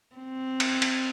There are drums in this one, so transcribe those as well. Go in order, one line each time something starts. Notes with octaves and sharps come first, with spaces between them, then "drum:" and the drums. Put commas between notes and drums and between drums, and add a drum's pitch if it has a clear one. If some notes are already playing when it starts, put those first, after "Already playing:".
C4
drum: cymbal
drum: cymbal